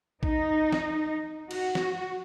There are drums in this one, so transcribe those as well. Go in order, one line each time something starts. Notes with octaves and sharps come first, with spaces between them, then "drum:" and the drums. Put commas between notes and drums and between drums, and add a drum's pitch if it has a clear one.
D#4, drum: kick
drum: snare
F#4, drum: cymbal
drum: snare